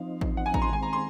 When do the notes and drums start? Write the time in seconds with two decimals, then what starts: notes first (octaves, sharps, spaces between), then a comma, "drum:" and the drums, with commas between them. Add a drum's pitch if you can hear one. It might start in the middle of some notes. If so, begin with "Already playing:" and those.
Already playing: F3 C4 D#4 F5
0.21 drum: kick A1
0.37 F#5
0.46 G#5
0.54 A#5, drum: kick A1
0.62 C6
0.70 D#3 G#3 C4 G#5
0.83 A#5
0.93 C6